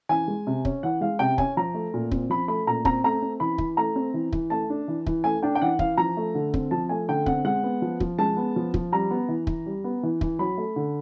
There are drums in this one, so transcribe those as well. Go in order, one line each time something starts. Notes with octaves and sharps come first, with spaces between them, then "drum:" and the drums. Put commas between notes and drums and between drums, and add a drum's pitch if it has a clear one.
E3 G#5
G#3
C3
C#4, drum: kick
E3 F#5
G#3 F5
C3 G5
C#4 G#5, drum: kick
F3 A#5
A3
A#2
C4, drum: kick
F3 B5
A3 B5
A#2 A#5
C4 A#5, drum: kick
A3 A#5
C4
E3 B5
E3, drum: kick
A3 A#5
C4
E3
E3, drum: kick
A3 A5
D4
E3
E3, drum: kick
A3 G#5
D4 G5
G5
E3 F#5
E3 F5, drum: kick
F3 A#5
A3
D3
C4, drum: kick
F3 A5
A3 G#5
D3 G5
C4 F#5, drum: kick
G#3 F#5
B3
F3
F3, drum: kick
G#3 A5
B3
F3
F3, drum: kick
G3 A#5
B3
E3
E3, drum: kick
G3
B3
E3
E3, drum: kick
F#3 B5
A3
D3